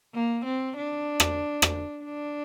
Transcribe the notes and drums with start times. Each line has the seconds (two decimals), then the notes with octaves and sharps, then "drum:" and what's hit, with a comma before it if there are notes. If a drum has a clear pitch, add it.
0.14 A#3
0.45 C4
0.77 D4
1.20 drum: rim click
1.62 drum: rim click
2.05 D4